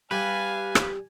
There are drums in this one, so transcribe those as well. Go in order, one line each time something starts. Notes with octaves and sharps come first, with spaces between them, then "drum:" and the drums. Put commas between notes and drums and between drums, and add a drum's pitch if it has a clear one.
G3 B4 F5 G#5
drum: rim click